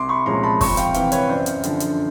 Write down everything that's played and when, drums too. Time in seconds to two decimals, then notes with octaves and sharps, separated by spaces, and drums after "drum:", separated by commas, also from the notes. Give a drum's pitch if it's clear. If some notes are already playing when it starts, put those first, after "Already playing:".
Already playing: C2 C6 D6
0.09 B5 C#6
0.26 A#2 F3 G#3 C#4 A#5 C6
0.43 A5 B5
0.61 F2 B5 C#6, drum: kick, open hi-hat
0.77 F5 G5, drum: hi-hat
0.94 C3 E3 F5 G5, drum: hi-hat
1.12 B4 C#5, drum: hi-hat
1.29 F#2 C5 D5
1.46 drum: hi-hat
1.63 D3 F3, drum: hi-hat
1.80 drum: hi-hat